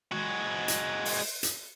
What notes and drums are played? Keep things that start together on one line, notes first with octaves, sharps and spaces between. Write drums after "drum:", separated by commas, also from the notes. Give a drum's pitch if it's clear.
G#3 F#4
drum: hi-hat
drum: open hi-hat
drum: hi-hat